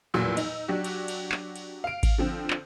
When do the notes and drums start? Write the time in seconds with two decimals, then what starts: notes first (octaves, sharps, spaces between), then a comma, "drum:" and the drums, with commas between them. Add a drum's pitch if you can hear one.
0.14 F1 E2 A#2 F#3 E6 B6
0.37 D#4, drum: cymbal
0.68 F#3 D4 F#4 G4
0.84 drum: cymbal
1.08 drum: cymbal
1.32 drum: clap
1.56 drum: cymbal
1.84 F5 D7
2.03 drum: kick G#1, cymbal
2.18 D3 F3 C4
2.50 drum: clap